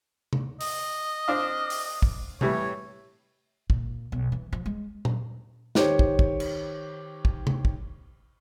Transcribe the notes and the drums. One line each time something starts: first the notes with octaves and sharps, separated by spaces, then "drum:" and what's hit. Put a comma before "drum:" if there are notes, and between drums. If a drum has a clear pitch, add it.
drum: tom C3
D#5, drum: open hi-hat
C4 D4 F5
drum: open hi-hat
drum: kick
A2 E3 G3 C#5, drum: tom C3
A#2, drum: kick
B1
E3
F3
G#3
drum: tom A#2
D#3 G4 C5 C#5, drum: snare
drum: kick
drum: kick
drum: cymbal
drum: kick
drum: tom C3
drum: kick